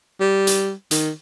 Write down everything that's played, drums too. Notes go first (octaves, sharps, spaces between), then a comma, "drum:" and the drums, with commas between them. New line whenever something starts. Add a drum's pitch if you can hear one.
G3
drum: hi-hat
D#3, drum: hi-hat